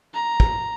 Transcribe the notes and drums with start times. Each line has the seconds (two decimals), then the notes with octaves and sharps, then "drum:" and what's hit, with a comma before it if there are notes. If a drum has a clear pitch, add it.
0.14 A#5
0.40 drum: kick